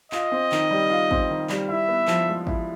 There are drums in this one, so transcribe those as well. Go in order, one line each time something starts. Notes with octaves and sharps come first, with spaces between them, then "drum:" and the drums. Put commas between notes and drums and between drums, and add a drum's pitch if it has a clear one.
F4 D#5, drum: clap
C4
D#3, drum: clap
G3
F4
C4, drum: kick
D#3
G3, drum: clap
E4 E5
B3
F3, drum: clap
G#3
E4, drum: kick